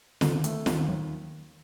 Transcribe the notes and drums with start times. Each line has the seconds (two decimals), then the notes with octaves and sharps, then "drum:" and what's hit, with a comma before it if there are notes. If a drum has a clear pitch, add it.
0.21 D#2 D3, drum: snare
0.44 A3, drum: hi-hat
0.66 D#2 D#3, drum: snare
0.88 D#2 F#3